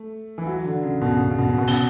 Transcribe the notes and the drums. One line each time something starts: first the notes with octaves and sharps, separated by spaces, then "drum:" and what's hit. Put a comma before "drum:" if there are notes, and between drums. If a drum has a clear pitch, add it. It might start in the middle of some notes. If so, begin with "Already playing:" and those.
Already playing: A3
E3
F#3
D3
C#3
B2
C#3
B2
C#3
B2
C#3
B2
C#3, drum: open hi-hat